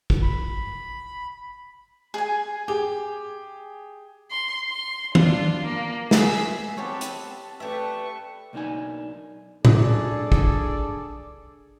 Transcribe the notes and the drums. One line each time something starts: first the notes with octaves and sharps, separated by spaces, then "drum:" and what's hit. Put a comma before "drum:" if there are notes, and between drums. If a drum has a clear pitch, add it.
drum: kick
B5
G#4 G#5
G4 G#4
C6
C6
D4 F4, drum: tom
A#3
G#4 E5, drum: snare
B3 C4 G4 A4 C#5 A5
drum: hi-hat
A3 G4 B4 D5 E5 C#6
B1 A#3 D4 D#4 G#5
D4 G#4 A4 D5, drum: tom A2
drum: kick